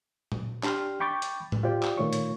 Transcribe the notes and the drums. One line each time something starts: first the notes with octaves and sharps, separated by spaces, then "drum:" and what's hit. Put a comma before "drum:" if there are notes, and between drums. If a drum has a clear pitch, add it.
drum: tom A#2
D4 G4 G5 C6 F6, drum: clap
G5 B5 C#6 D6 G6 A6
drum: hi-hat
drum: tom A2
F4 G4 C5 D5 G5
drum: clap
A#2 D#3 A3 F4 C#5 C#6
drum: hi-hat